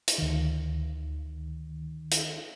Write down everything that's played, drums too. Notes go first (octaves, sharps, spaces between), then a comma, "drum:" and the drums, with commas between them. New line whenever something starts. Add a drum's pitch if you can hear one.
drum: hi-hat
D2 D#3
drum: hi-hat